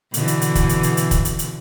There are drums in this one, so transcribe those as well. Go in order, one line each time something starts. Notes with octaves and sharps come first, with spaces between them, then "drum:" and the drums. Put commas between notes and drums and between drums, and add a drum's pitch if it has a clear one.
B2 D3 E3, drum: hi-hat
drum: hi-hat
drum: hi-hat
drum: kick, hi-hat
drum: hi-hat
drum: hi-hat
drum: hi-hat
drum: kick, hi-hat
drum: hi-hat
drum: hi-hat